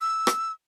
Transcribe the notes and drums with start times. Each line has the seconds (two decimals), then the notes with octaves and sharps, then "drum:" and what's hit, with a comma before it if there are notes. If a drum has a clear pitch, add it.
0.01 E6
0.27 drum: rim click